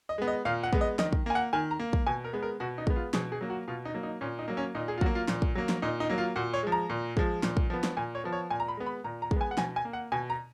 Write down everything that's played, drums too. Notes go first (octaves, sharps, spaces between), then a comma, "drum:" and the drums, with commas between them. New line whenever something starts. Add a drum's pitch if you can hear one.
D#5
G#3 B3
D#5
A#2 F5
F#5
G#3 B3, drum: kick
D#5
D#3 D#5, drum: snare
drum: kick
A#3 G#5
F#5
D#3 G#5
A#5
A#3
drum: kick
B2 G#5
A#4
G#3 B3
A#4
B2 F#4
D#4
G#3 B3, drum: kick
F4
B2 G#4, drum: snare
G#4
F#3 A#3
F#4
B2 F4
D#4
F#3 A#3
D#4
A#2 C#4
D#4
F#3 A#3
C#4
A#2 D#4
G#4
F4
F#3 A#3 F#4, drum: kick
F4
A#2, drum: snare
drum: kick
F#3 A#3
drum: snare
A#2 D#4
D#4
F#3 A#3
F4
A#2 F#4
C#5
F3 G#3
A#5
A#2
F3 G#3, drum: kick
A#2, drum: snare
drum: kick
F3 B3
drum: snare
A#2 G#5
C#5
F3 B3
C#5
A#2 G#5
A#5
B5
G#3 B3
B5
A#2 A#5
A#5
G#3, drum: kick
B3 G#5
F#5
B2 G#5, drum: snare
G#5
A#3
F#5
B2 G#5
A#5